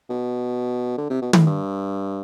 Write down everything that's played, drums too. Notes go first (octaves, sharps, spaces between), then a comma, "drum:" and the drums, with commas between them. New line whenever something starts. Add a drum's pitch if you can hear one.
B2
D3
C3
B2
A2, drum: tom
G2